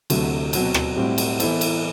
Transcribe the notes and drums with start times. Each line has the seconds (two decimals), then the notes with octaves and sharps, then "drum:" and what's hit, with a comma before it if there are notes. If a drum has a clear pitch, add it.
0.10 D2 C3 F#3 A3, drum: cymbal
0.53 B2 F#3 C4, drum: cymbal
0.74 drum: rim click
0.96 A2 G3 C4 F#4
1.18 drum: cymbal
1.40 E3 B3 E4 A4 C5, drum: cymbal
1.61 drum: cymbal